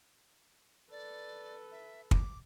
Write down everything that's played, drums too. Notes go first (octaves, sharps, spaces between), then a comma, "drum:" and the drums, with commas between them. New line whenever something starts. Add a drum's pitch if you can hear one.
A4 B4 D5
E5
D6, drum: kick